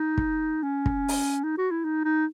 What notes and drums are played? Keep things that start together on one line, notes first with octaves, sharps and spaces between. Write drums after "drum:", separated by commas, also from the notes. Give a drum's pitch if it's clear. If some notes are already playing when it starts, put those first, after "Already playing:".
Already playing: D#4
drum: kick
C#4
drum: kick
drum: open hi-hat
D#4
F#4
E4
D#4
D#4